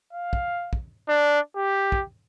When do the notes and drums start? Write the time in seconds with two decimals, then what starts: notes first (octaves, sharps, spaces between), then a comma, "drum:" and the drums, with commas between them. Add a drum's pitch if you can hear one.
0.13 F5
0.33 drum: kick
0.73 drum: kick
1.09 D4
1.56 G4
1.92 drum: kick